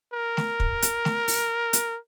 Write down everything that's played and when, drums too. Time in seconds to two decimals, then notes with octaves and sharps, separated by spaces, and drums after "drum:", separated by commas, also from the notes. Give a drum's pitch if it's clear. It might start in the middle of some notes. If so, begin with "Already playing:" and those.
0.14 A#4
0.37 drum: snare A3
0.60 drum: kick
0.82 drum: hi-hat
1.05 drum: snare A3
1.28 drum: open hi-hat
1.73 drum: hi-hat